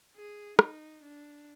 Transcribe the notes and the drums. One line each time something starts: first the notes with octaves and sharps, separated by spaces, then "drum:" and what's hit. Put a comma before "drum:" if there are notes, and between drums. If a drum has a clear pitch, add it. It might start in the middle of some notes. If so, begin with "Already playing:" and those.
G#4
D#4, drum: rim click
D4